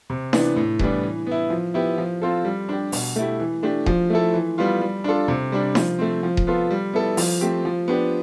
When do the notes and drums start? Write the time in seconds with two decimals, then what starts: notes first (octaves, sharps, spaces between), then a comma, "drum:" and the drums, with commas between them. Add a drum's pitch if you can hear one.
0.10 C3
0.33 E3 B3 D4, drum: snare D#4
0.56 A2
0.79 E3 G3 B3 D4, drum: kick D#1
1.03 E3
1.27 B3 E4
1.50 F3
1.74 B3 E4 G4
1.98 F3
2.22 C4 F4 A4
2.45 G3
2.69 D4 G4
2.92 B2, drum: open hi-hat
3.16 A3 E4 G4
3.40 E3
3.63 A3 D4 G4
3.86 F3, drum: kick D#1
4.10 A3 E4 A4
4.34 E3
4.58 G3 B3 F4
4.82 G3
5.04 D4 F4 A4
5.28 C3
5.52 G3 D4
5.75 F3, drum: snare D#4
5.99 A3 C4
6.23 F3
6.37 drum: kick D#1
6.47 B3 F4 A4
6.71 G3
6.93 B3 E4 A4
7.17 F3, drum: open hi-hat
7.41 A3 C4 G4
7.65 F3
7.88 B3 D4 G4